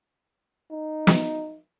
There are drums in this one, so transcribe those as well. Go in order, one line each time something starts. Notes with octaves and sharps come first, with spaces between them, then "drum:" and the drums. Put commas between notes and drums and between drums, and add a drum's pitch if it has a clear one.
D#4
drum: snare